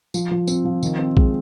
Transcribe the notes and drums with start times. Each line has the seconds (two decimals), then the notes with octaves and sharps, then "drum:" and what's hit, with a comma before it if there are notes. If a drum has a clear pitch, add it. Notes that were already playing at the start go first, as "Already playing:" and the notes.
0.14 F3, drum: tambourine
0.31 F3
0.47 C4, drum: tambourine
0.65 F3
0.83 D#3, drum: tambourine
0.99 C4
1.17 G#3, drum: kick A#1